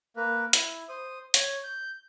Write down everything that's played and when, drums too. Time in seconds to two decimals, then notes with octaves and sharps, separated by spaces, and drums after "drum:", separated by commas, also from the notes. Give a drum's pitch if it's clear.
0.16 A#3 A#4 B4
0.53 E4, drum: hi-hat
0.89 C5 D#6
1.34 C#5, drum: hi-hat
1.64 G6